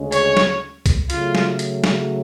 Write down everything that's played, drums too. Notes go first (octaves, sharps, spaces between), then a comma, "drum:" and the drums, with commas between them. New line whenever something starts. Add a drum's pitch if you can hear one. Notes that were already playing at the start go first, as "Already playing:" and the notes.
Already playing: D2 C#3 G#3 C#4
C#5, drum: hi-hat
drum: snare
drum: kick C2, hi-hat
C#3 F#3 A3 F4, drum: hi-hat
drum: snare
drum: hi-hat
drum: snare